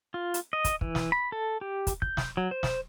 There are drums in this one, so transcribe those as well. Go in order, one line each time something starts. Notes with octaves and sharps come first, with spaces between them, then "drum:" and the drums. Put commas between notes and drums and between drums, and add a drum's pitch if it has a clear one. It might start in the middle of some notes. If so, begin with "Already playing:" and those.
F4
drum: hi-hat
D#5
drum: kick, hi-hat
E3, drum: kick
drum: snare
B5
A4
G4
drum: kick, hi-hat
G6, drum: kick
drum: snare
F#3
C5
drum: snare